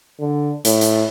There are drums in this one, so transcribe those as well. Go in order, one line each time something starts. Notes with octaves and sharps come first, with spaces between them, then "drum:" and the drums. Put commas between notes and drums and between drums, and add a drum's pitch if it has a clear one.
D3
A2, drum: hi-hat
drum: hi-hat